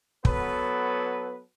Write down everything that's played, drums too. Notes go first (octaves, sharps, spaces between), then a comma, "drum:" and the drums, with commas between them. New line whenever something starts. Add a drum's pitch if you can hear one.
F#3 B3 A4 B4, drum: kick